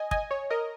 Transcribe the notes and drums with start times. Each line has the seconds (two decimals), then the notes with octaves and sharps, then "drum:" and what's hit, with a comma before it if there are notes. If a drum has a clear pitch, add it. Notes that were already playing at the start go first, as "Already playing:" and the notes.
Already playing: D#5 G#5
0.11 D#5 G#5, drum: kick
0.31 C#5
0.50 A#4 D#5